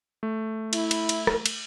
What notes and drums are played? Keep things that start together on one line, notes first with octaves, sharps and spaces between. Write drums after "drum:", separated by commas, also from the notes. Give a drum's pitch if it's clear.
A3
E4, drum: cymbal
drum: cymbal
drum: cymbal
drum: rim click
drum: cymbal